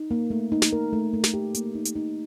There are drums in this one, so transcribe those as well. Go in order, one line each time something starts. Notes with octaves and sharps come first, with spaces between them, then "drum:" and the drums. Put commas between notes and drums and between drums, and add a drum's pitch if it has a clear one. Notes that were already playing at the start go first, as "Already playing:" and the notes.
Already playing: D#4
A#3
A3
D#4
drum: snare
A#4
A3
A3
drum: snare
G4
A#3, drum: hi-hat
D#4
drum: hi-hat
D#4